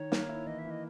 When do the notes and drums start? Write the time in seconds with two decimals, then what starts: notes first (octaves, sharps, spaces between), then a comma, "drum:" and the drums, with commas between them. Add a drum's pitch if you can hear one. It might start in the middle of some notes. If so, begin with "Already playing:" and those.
Already playing: D#3 C#5
0.12 A#3, drum: snare
0.29 E4
0.47 E3 D#5
0.59 E5
0.65 E3
0.70 D#5